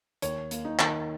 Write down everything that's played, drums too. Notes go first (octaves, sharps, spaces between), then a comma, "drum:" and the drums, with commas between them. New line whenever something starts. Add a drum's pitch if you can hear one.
D#2 C#5, drum: hi-hat
A#3, drum: hi-hat
D#4
D#3, drum: clap